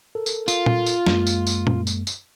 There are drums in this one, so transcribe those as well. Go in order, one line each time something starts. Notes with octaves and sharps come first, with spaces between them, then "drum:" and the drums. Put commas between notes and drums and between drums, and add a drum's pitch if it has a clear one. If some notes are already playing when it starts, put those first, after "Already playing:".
A4 A#4
drum: tambourine
F4, drum: tambourine
drum: tom A#2
drum: tambourine
F#2 G#3 A#3, drum: snare
drum: tambourine
drum: tambourine
drum: tom A#2
drum: tambourine
drum: tambourine